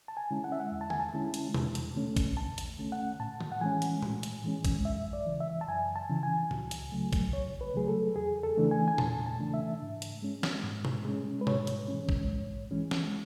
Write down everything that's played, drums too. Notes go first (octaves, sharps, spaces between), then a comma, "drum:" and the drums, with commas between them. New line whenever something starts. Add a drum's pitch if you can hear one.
A5
G#5
D3 G#3 C#4 E4
F#5
E5
F#5
E2
A5
G#5, drum: tom D3
A5
D3 G#3 C#4 E4
drum: hi-hat
E2, drum: tom B2
drum: hi-hat
D3 A3 C#4
drum: kick, hi-hat
E2 A5
drum: hi-hat
D3 A3 C#4
F#5
A2 A5
drum: tom D3
F#5
E3 G#3 C#4 G#5
drum: hi-hat
A2, drum: tom A2
drum: hi-hat
E3 G#3 C#4
drum: kick, hi-hat
F#2 E5
D5
C#3 E3
E5
A5
F#2 G#5
A5
C#3 E3
G#5
C#2, drum: tom A2
drum: hi-hat
C#3 F#3 A3
drum: kick, hi-hat
C#2 C#5
B4
C#3 F#3 A3 G#4
A4
E2 G#4
A4
C#3 E3 A3 D4
G#5
G#5
E2 A5, drum: tom A#2
A5
C#3 E3 A3 D4
E5
G#2
drum: hi-hat
G#3 C#4
drum: snare
G#2
drum: tom B2
G#3 C#4
B4
G#2 C#5, drum: tom B2
drum: hi-hat
E3 G#3 C#4
drum: kick
G#2
E3 G#3 C#4
drum: snare